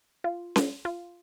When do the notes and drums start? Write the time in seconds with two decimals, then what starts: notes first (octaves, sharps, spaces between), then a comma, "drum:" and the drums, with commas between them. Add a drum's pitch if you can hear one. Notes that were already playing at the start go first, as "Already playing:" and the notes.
0.24 F4
0.56 drum: snare C#4
0.85 F4